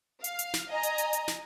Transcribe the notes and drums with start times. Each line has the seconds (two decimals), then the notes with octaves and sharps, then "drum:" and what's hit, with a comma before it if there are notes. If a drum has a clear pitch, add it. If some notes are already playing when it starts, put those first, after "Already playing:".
0.24 F5, drum: hi-hat
0.39 drum: hi-hat
0.54 drum: snare
0.72 D#5 G#5 A#5
0.83 drum: hi-hat
0.98 drum: hi-hat
1.13 drum: hi-hat
1.28 drum: snare